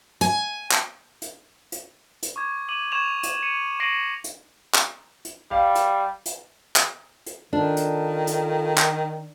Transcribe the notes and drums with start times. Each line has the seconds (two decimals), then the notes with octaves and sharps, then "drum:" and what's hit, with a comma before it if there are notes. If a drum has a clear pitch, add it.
0.21 G#5, drum: hi-hat
0.71 drum: clap
1.22 drum: hi-hat
1.72 drum: hi-hat
2.23 drum: hi-hat
2.36 C#6 D6 G#6
2.69 D6 D#7 F#7
2.92 C#6 G#6 E7 F7
3.23 drum: hi-hat
3.43 C#7 D#7
3.80 C#6 A#6 C7 D7 D#7 F#7
4.24 drum: hi-hat
4.75 drum: clap
5.25 drum: hi-hat
5.51 G3 F5
5.75 drum: hi-hat
6.26 drum: hi-hat
6.76 drum: clap
7.26 drum: hi-hat
7.53 D#3 D4 F4 A4
7.77 drum: hi-hat
8.27 drum: hi-hat
8.78 drum: clap